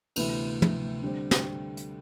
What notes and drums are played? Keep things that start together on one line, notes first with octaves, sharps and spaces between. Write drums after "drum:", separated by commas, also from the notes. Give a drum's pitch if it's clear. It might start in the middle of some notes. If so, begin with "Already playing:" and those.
D2 C3 E3 B3 E4, drum: cymbal
drum: tom
D3 G3 C4
drum: snare
drum: hi-hat